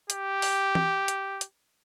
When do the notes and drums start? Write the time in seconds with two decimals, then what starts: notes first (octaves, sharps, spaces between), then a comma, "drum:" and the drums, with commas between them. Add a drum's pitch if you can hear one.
0.10 G4, drum: hi-hat
0.42 drum: open hi-hat
0.75 drum: tom
1.08 drum: hi-hat
1.41 drum: hi-hat